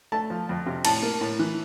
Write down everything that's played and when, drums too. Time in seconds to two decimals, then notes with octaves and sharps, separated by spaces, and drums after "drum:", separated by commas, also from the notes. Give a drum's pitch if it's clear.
0.12 A3 A5
0.30 F3
0.49 F2
0.66 C3
0.85 A2 A5, drum: cymbal
1.03 A#3
1.21 A2
1.39 E3